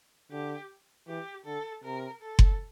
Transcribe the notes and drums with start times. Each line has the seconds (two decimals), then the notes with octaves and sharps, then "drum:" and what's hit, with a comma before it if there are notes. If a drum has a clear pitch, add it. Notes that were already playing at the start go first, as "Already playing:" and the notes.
0.32 D3 G4
1.08 E3 G4
1.46 D3 A4
1.84 C3 A#4
2.22 A4
2.39 drum: kick F#1